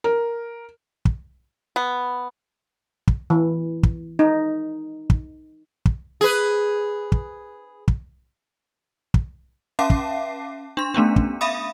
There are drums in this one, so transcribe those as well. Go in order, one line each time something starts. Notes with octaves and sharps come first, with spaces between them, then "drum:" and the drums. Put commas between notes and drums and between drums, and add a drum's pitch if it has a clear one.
A#4
drum: kick
B3
drum: kick
E3
drum: kick
D#4
drum: kick
drum: kick
G#4 B4
drum: kick
drum: kick
drum: kick
C#4 E5 F5 A5 D6 C7
drum: kick
D4 C6
A3 B3 C#4 D4
drum: kick
E5 F5 B5 D#6